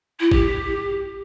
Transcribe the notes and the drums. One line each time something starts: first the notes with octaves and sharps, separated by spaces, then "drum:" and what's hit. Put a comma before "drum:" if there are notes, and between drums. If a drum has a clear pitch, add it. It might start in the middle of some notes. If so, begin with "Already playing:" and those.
E4
G4, drum: kick A1